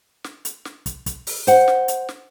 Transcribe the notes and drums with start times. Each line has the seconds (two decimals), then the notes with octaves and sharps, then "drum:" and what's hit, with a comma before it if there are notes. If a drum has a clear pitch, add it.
0.24 drum: snare
0.45 drum: hi-hat
0.65 drum: snare
0.86 drum: kick, hi-hat
1.06 drum: kick, hi-hat
1.27 drum: open hi-hat
1.47 C5 F#5, drum: hi-hat
1.68 drum: snare
1.88 drum: hi-hat
2.09 drum: snare